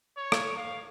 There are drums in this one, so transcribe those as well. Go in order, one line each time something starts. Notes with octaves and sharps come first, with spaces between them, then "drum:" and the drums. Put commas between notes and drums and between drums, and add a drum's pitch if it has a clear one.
C#5
drum: rim click
F5